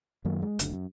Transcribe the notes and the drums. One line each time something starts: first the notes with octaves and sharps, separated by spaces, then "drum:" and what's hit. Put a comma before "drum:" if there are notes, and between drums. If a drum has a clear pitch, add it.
F#2 D#3 F#3 A#3
G#3
F#1 D2 D3, drum: hi-hat
F#2